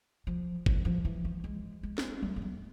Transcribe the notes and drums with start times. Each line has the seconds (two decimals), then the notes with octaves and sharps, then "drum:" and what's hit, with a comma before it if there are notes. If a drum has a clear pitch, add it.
0.27 F3
0.66 E3, drum: kick
0.85 F3
1.05 E3
1.25 F3
1.44 G#3
1.83 G#3
1.98 drum: snare
2.23 A3, drum: tom F#3
2.36 A3
2.42 B3